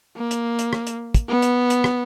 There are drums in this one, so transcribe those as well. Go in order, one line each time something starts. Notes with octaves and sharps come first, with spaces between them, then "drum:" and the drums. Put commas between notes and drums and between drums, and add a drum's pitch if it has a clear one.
A#3
drum: hi-hat
drum: hi-hat
drum: rim click
drum: hi-hat
drum: kick, hi-hat
B3
drum: hi-hat
drum: hi-hat
drum: rim click